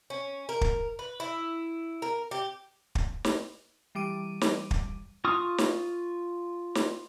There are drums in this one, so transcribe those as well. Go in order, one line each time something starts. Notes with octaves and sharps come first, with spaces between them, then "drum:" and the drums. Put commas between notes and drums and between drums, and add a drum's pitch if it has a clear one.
C#4
A#4
drum: kick
B4
E4
A#4
G4
drum: kick
drum: snare
E3 G3 D6 D7 D#7
drum: snare
drum: kick
F4 C#6 D#6 F6
drum: snare
drum: snare